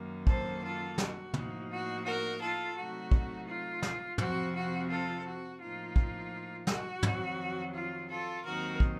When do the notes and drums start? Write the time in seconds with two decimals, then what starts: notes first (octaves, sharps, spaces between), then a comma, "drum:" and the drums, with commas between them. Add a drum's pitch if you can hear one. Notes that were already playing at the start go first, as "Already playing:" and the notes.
Already playing: F#2 D#3 A#3
0.27 A4 C5, drum: kick
0.63 F4 A4
0.98 F#4, drum: snare
1.34 A2 F3 A#3 D#4, drum: tom
1.70 F#4
2.05 F#4 A#4
2.40 F4 A4
2.76 C3 F#3 A3 D#4 F#4
3.11 drum: kick
3.47 F4
3.83 drum: snare
4.18 F2 C3 F3 C4 F#4, drum: tom
4.54 F#4
4.89 F4 A4
5.25 F#4
5.60 A2 F3 A#3 D#4 F4
5.96 drum: kick
6.67 F#4, drum: snare
7.03 F2 D#3 F#3, drum: tom
7.74 F4
8.09 F4 A4
8.44 D#2 D#3 F#3 C4 D#4 F#4 A#4
8.80 drum: kick